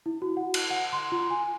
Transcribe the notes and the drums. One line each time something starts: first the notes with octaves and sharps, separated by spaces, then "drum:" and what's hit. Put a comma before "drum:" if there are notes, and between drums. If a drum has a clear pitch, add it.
E4
F#4
F#5
drum: cymbal
F#5
C6
F4
G#5